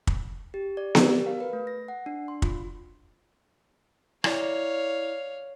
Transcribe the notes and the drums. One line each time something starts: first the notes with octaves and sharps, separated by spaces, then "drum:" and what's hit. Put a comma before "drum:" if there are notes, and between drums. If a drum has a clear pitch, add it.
drum: kick
G4
D5
G4, drum: snare B3
A#4
F5
B4
A3
A#6
F#5
D4
C6
F4, drum: kick
E4 C#5 D5 F5, drum: rim click